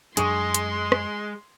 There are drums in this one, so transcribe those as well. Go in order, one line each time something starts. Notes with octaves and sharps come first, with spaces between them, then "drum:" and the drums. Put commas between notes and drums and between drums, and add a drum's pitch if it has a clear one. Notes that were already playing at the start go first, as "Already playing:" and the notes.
F#2 F#3 G#3 D4 G#4 C6 C#6 D#6, drum: hi-hat
drum: hi-hat
drum: rim click